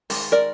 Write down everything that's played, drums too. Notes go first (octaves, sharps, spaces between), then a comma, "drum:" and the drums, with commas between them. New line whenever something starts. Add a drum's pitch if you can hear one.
D#3 G#3, drum: open hi-hat
A#4 D5